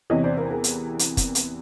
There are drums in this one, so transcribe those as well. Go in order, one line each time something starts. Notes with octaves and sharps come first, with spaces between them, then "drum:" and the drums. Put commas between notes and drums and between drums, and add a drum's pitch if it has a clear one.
E2 C3 E3 C#5 D#5
C5 D5
A#4 C5
G#4 A#4
drum: hi-hat
drum: hi-hat
drum: kick, hi-hat
drum: hi-hat